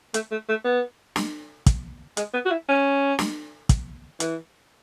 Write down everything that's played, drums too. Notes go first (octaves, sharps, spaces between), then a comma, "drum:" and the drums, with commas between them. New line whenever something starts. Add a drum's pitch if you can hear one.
A3, drum: hi-hat
A3
A3
B3
drum: snare
drum: kick, hi-hat
G#3, drum: hi-hat
B3
F#4
E4
C#4
drum: snare
drum: kick, hi-hat
E3, drum: hi-hat